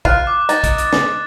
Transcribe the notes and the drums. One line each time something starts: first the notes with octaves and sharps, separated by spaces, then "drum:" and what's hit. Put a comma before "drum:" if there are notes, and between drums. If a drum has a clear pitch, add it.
F4 F#6, drum: kick
D6
D#4 A6, drum: hi-hat
drum: kick, hi-hat
drum: hi-hat
drum: snare